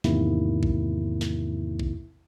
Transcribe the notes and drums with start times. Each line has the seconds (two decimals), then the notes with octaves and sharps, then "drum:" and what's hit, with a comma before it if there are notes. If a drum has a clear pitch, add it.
0.04 E2 G#2 C3 D#3 A#3 E4, drum: snare
0.63 drum: kick A#1
1.21 drum: snare
1.79 drum: kick A#1